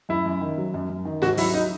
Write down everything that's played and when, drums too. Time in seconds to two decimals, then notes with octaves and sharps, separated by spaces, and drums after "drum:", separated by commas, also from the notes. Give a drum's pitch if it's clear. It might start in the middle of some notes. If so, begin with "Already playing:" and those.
0.09 F#2 E4
0.26 F#2
0.41 D#3
0.58 F#3
0.74 F#2
0.90 F#2
1.05 D#3
1.22 G#2 F#4, drum: snare
1.37 F#3 E4, drum: open hi-hat
1.54 D#4